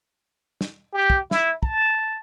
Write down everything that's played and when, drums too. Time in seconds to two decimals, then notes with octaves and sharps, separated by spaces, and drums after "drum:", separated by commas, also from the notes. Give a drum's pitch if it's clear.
0.61 drum: snare
0.93 G4
1.10 drum: kick
1.31 E4, drum: snare
1.63 A5, drum: kick